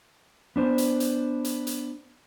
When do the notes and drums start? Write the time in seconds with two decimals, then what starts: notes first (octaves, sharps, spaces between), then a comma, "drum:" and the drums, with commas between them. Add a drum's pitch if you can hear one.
0.56 B3 D4 C5
0.78 drum: hi-hat
1.00 drum: hi-hat
1.45 drum: hi-hat
1.67 drum: hi-hat